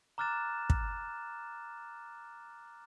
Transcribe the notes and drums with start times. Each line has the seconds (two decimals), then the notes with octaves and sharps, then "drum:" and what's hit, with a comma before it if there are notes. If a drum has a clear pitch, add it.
0.18 A#5 D6 F6 F#6 A6 E7
0.70 drum: kick